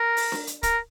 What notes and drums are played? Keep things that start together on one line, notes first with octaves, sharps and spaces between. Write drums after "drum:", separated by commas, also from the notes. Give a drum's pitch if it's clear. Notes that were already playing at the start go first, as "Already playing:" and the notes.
Already playing: A#4
drum: open hi-hat
drum: snare D4
drum: hi-hat
A#4, drum: kick, hi-hat